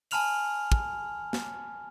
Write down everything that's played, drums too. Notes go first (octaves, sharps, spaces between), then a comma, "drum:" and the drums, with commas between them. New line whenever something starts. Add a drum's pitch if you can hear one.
G#5 A5 B5 F6 F7 F#7, drum: open hi-hat
drum: kick
drum: snare